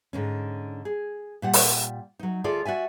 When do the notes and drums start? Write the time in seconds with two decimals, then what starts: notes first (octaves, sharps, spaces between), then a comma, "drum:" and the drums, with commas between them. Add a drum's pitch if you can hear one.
0.13 G#2 D3 C#4
0.85 G#4
1.42 A#2 G3 F#5
1.53 drum: open hi-hat
2.19 F#3 D#4
2.44 D2 F4 G#4 A4 D5
2.65 F#4 D5 E5 G#5